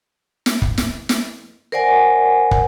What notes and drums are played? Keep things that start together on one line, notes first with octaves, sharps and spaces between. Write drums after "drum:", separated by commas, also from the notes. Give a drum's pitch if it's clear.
drum: snare
drum: kick
drum: snare
drum: snare
A#4 C5 D5 F#5 G#5
drum: kick